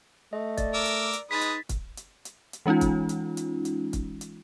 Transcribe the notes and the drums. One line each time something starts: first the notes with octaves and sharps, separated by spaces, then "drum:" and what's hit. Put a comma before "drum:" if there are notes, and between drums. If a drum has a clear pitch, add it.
A3 D#5
D5, drum: kick, hi-hat
A#4 D6 E6
drum: hi-hat
drum: hi-hat
G#3 D#4 B4 D#6 A6 B6
drum: hi-hat
drum: kick, hi-hat
drum: hi-hat
drum: hi-hat
drum: hi-hat
E3 G#3 C#4 D#4 F4
drum: kick, hi-hat
drum: hi-hat
drum: hi-hat
drum: hi-hat
drum: kick, hi-hat
drum: hi-hat